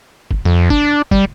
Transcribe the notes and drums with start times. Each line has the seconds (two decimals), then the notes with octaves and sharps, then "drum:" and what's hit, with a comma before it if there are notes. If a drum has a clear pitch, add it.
0.31 drum: kick
0.45 F2
0.70 D4, drum: kick
1.11 G3, drum: kick